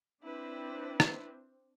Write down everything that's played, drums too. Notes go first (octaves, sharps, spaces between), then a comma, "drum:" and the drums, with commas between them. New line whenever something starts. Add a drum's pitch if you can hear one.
C4 D4 E4 B4
drum: rim click